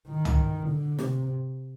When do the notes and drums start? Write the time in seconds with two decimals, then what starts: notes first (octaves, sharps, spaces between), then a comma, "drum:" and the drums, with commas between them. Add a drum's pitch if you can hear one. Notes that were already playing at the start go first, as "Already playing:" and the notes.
0.09 D#3
0.25 drum: tom
0.69 D3
0.99 C3, drum: snare